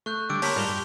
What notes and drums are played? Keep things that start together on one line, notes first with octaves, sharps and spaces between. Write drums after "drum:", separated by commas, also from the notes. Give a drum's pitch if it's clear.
A3 C#6 F#6 G6
D3 G3 D6 E6 D7
A#3 G4 C#5 A5 C6 B6, drum: open hi-hat
G#2 G3 F4 A#4 G6 F7 G7
G2